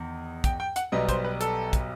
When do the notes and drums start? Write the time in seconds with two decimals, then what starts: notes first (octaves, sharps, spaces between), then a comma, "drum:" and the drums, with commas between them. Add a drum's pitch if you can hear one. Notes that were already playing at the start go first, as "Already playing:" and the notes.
Already playing: E2 D#3
0.44 G5, drum: kick, hi-hat
0.60 G5
0.76 F#5, drum: hi-hat
0.92 B1 B2 G3 B3 D#5
1.09 C5, drum: kick, hi-hat
1.24 B4
1.41 A4, drum: hi-hat
1.73 drum: kick, hi-hat